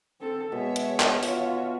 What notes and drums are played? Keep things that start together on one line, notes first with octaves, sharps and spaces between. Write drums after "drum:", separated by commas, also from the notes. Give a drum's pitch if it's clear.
C4 A4
B2 G#3 C#5 E5
drum: hi-hat
drum: clap
F4 F#4, drum: open hi-hat